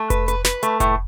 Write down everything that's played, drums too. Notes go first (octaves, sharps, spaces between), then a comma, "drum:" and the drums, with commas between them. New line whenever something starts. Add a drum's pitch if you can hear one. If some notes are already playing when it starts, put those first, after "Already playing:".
Already playing: A3
B4, drum: kick F1, hi-hat
B4, drum: hi-hat
B4, drum: snare
A3, drum: hi-hat
A2, drum: kick F1, hi-hat